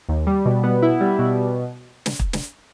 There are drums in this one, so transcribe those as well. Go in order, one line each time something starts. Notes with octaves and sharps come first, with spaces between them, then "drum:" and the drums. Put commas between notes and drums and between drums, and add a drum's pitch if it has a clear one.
D#2
G3
B2
B3
E4
G3
B2
drum: snare
drum: kick
drum: snare